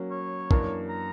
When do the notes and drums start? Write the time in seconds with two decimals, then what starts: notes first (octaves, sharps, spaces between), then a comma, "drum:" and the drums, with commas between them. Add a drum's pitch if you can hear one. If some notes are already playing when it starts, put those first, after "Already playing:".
Already playing: F#3 A#3 C#4
0.11 C#5
0.51 F#2 E3 A#3 D4 A#4, drum: kick
0.89 A#5